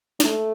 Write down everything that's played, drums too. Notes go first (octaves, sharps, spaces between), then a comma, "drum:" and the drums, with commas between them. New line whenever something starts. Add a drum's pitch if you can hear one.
A3, drum: snare